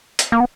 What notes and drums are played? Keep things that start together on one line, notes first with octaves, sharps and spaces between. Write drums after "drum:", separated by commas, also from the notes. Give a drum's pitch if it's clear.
drum: hi-hat
A#3
B3